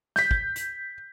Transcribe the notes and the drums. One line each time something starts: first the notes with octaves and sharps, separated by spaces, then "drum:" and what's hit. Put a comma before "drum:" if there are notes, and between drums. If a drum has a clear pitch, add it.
G6 B6, drum: snare
drum: kick
drum: hi-hat